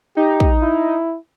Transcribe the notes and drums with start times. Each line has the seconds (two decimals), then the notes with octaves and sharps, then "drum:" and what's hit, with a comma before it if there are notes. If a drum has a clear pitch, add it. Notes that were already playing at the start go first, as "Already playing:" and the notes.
0.17 D#4 G4
0.40 drum: kick
0.62 E4